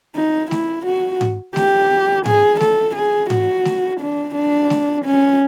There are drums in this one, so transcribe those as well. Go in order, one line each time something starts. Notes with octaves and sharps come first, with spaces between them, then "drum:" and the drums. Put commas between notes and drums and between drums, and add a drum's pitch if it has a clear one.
D#4
E4, drum: snare A3
F#4
drum: tom G#2
G4, drum: snare A3
G#4, drum: tom G#2
A4, drum: snare A3
G#4
F#4, drum: tom G#2
drum: snare A3
D4
D4
drum: snare A3
C#4